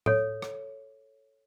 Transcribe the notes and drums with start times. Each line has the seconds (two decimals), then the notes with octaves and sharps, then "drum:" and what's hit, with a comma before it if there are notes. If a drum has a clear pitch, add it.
0.06 A4 C#5, drum: tom A2
0.42 drum: rim click